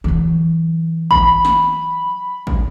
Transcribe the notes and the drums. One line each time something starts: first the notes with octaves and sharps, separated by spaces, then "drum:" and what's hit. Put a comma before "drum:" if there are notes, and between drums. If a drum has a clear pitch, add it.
E3 F#3
B5, drum: kick
drum: snare
drum: kick